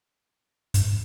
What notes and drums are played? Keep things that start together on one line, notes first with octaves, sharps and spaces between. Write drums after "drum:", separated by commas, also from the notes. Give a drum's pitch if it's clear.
G2, drum: hi-hat